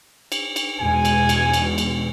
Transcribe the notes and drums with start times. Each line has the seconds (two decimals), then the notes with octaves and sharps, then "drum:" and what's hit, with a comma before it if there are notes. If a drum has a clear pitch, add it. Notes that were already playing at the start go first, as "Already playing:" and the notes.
0.32 drum: cymbal
0.56 drum: cymbal
0.80 E2 B2 G#3 G#5
1.05 drum: cymbal
1.29 drum: cymbal
1.54 drum: cymbal
1.78 drum: cymbal